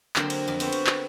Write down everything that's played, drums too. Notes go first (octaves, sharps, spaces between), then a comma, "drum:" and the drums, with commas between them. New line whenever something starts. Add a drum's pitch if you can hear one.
D3 F#3 A#3 C4, drum: clap
drum: cymbal
F2
B3 C4 F#4 C5, drum: cymbal
drum: cymbal
drum: clap